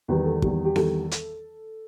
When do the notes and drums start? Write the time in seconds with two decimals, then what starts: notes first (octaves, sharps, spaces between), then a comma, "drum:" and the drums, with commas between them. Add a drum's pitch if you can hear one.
0.08 E2 D#3 G3 B4
0.25 A4
0.42 E2 D#3 G3, drum: kick
0.65 G4
0.76 E2 D#3 G3 A4, drum: snare B3
1.11 drum: hi-hat